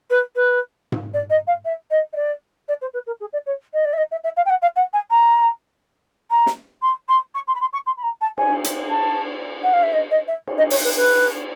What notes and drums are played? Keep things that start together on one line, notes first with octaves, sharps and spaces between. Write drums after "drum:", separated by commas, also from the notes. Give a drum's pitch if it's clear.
B4
B4
drum: tom G#2
D5
D#5
F5
E5
D#5
D#5
D5
D5
C5
B4
A#4
G#4
D5
C#5
D#5
D5
E5
D#5
E5
E5
F5
G5
F#5
F5
F#5
G#5
A#5
A#5
drum: snare
C6
C6
C#6
C6
B5
C6
C#6
C6
B5
A#5
A5
G#5, drum: cymbal
drum: hi-hat
A5
F#5
F5
E5
D#5
D#5
E5
drum: cymbal
D#5
C#5, drum: open hi-hat
B4
B4